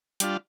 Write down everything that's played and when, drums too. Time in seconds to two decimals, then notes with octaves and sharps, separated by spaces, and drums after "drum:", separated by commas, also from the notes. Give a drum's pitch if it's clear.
0.20 G3 D4 F4, drum: hi-hat